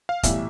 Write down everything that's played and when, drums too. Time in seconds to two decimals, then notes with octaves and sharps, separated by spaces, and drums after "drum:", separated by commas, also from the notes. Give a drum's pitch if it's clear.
0.09 F5
0.23 B1 A2 E3 G3 E5, drum: kick, hi-hat